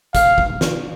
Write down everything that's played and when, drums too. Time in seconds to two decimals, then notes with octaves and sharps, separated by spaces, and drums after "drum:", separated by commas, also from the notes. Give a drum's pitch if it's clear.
0.15 F5, drum: kick, hi-hat
0.38 drum: kick
0.61 drum: snare